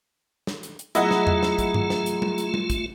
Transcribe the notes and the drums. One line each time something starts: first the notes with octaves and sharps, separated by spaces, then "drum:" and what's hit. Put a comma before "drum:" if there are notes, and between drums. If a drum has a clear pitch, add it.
drum: snare
drum: hi-hat
drum: hi-hat
F#3 A3 E4 F4 G#4 D#5 F#5 A#5, drum: hi-hat
drum: snare
drum: tom E2
drum: snare
drum: kick, hi-hat
drum: tom G2
drum: snare
drum: hi-hat
drum: tom
drum: hi-hat
drum: tom
drum: kick, hi-hat